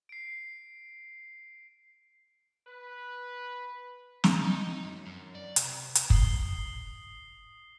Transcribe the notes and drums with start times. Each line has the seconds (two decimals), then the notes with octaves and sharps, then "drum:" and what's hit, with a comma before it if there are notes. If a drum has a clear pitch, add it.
0.09 C7 D7
2.67 B4
4.24 drum: snare
4.43 D#4
4.84 F#2
5.06 F#2
5.35 D5
5.56 C3, drum: hi-hat
5.95 drum: hi-hat
6.10 D#6 C7 F#7 G7, drum: kick